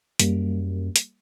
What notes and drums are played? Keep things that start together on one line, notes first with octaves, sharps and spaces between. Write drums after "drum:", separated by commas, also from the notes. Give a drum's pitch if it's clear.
F#2 G3 A#3, drum: hi-hat
drum: hi-hat